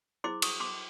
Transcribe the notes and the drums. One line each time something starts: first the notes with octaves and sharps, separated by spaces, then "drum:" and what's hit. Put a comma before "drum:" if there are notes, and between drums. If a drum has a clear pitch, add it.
E4 G#4 C5 C6 D6
C#6 D#6, drum: cymbal
C6 D6